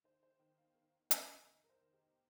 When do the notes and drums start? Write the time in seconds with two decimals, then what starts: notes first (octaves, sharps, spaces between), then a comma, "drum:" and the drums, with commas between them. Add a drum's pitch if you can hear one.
0.04 D#2 C5
0.23 C5
0.39 D#3 G5
0.58 F5
0.75 D#3
1.11 D#2, drum: hi-hat
1.45 F1 D#5
1.64 A#4
1.69 C5
1.81 D#3
1.93 G4